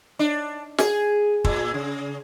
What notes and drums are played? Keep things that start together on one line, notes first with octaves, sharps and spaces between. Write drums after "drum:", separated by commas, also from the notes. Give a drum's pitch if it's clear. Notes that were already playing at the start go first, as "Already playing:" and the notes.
D4
G#4, drum: snare
A#2, drum: kick
C#3